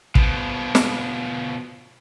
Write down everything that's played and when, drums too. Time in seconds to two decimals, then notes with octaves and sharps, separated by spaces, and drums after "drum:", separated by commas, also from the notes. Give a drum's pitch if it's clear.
0.15 B2 F3, drum: kick
0.75 drum: snare